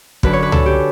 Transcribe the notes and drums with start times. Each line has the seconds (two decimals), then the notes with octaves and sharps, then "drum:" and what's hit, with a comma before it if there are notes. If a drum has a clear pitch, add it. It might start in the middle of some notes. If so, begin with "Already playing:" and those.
0.23 F#2 D3 B4, drum: kick
0.33 C#5
0.43 B4
0.52 A4, drum: tom C#2
0.66 G4